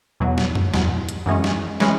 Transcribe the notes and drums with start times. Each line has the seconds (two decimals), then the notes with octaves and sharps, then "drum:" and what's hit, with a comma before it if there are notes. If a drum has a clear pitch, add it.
0.20 E2 B2 F#3
0.38 drum: snare
0.55 drum: tom F#2
0.74 E2 B2 F#3, drum: snare
1.09 drum: hi-hat
1.26 F#2 E3 G#3 C#4
1.44 drum: snare
1.80 E3 G#3 C#4, drum: snare